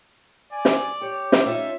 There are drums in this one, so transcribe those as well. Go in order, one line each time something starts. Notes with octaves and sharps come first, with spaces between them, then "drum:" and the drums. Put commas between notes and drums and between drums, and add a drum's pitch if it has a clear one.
D5 G#5
drum: snare
G4 C#5
drum: snare
C#4 D#4 F4 E5